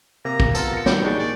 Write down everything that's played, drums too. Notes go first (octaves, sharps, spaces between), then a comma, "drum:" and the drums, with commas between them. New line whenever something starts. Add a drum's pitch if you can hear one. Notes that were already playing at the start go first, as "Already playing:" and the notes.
C3 A#3 A#5
drum: kick
C3 B3 F4 A4 A#4 A5 A#5, drum: tambourine
A#6 C#7
D#3 E3 G3 G5, drum: snare
A#2 D4 D#4 G#4 C#6 A6
D5